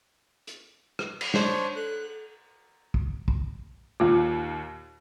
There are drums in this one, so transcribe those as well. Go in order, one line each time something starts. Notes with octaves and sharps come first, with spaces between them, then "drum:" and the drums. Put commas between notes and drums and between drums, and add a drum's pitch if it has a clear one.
drum: hi-hat
drum: rim click
drum: cymbal
D4 C5 C#5, drum: snare
A4 F#6
drum: kick
drum: kick
D#2 A#2 F4